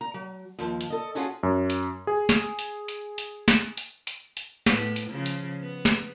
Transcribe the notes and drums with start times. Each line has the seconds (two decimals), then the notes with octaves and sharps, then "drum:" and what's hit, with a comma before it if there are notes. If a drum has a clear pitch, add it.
0.01 A#5
0.14 F#3
0.59 D#2 F3
0.81 drum: hi-hat
0.90 A4 D#5
1.15 C#4 F4 F#4 G#4 A4 C#5
1.43 F#2
1.70 drum: hi-hat
2.07 G#4
2.29 drum: snare
2.59 drum: hi-hat
2.88 drum: hi-hat
3.18 drum: hi-hat
3.48 drum: snare
3.77 drum: hi-hat
4.07 drum: hi-hat
4.37 drum: hi-hat
4.66 A2 B3, drum: snare
4.96 drum: hi-hat
5.11 C#3 F3
5.26 drum: hi-hat
5.61 B3
5.85 drum: snare